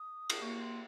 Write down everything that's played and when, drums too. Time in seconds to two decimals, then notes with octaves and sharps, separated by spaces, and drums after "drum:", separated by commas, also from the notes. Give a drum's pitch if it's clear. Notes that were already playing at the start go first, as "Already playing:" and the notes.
Already playing: D#6
0.30 drum: cymbal
0.42 A#3 C#6
0.60 C6